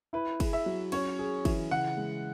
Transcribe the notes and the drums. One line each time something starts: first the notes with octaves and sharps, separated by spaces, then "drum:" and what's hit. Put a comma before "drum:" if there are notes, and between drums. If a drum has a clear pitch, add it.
E4 B4
G#4, drum: kick, cymbal
E5
F#3
C#4 C#5, drum: cymbal
G#4
E3, drum: kick, cymbal
C#3 F#5
G#3